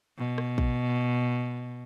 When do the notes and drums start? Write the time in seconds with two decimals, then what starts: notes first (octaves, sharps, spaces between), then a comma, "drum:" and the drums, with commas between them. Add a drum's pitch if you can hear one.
0.19 B2
0.38 drum: rim click
0.58 drum: kick